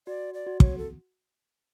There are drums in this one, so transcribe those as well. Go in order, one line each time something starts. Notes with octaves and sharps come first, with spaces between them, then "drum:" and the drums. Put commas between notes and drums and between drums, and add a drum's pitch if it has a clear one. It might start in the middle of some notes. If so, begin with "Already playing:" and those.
F#4 D5
D5
F#4
C#5, drum: kick
A4